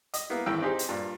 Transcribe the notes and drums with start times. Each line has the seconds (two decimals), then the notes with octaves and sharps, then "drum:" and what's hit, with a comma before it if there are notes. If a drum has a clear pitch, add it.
0.14 D#5, drum: hi-hat
0.30 A#3 B3 E4
0.46 G#1 E3 E4 G5 E6
0.62 C4 D#4 G4 G#4 C5
0.79 drum: hi-hat
0.89 G2 A#2